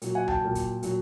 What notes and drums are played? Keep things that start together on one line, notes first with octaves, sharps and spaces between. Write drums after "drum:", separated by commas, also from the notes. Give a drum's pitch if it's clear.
A#2 F#3, drum: hi-hat
F#5 G#5
G5 A5, drum: tom C#2
A#2 F#3
drum: kick, hi-hat
A#2 F#3, drum: hi-hat